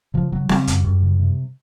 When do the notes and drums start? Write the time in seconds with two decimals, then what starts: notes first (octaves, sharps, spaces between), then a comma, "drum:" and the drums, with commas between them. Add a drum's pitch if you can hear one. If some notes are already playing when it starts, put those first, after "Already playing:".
0.14 C#3 F3
0.32 C#3 F#3
0.49 C#3 G3, drum: snare C4
0.67 F#2, drum: hi-hat
0.85 F#2
1.02 C#3
1.20 C3